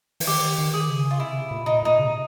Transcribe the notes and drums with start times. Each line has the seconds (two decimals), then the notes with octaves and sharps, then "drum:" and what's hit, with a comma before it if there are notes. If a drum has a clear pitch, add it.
0.20 E3, drum: open hi-hat
0.27 D#3 G4
0.59 D#3
0.74 G#4
0.89 C#3
1.11 F4
1.19 C3 E4
1.51 A#2
1.66 D#4
1.83 A#2 D#4
1.98 C#3
2.05 C3